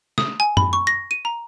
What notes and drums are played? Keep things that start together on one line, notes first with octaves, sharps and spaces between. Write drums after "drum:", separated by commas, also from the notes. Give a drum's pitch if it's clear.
D#6, drum: snare
G#5
B5, drum: tom F#2
C#6
A#6
D#7
A#5